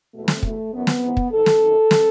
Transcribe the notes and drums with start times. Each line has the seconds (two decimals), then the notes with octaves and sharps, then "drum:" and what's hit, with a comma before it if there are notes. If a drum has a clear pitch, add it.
0.13 B2 A3
0.18 E2
0.28 drum: snare
0.43 E2 B2 A3, drum: kick
0.72 F#2 E3 B3
0.87 drum: snare
1.02 G#2 E3
1.17 drum: kick
1.31 G#2 D#3 A4
1.46 drum: snare
1.61 F#2 D#3
1.91 drum: snare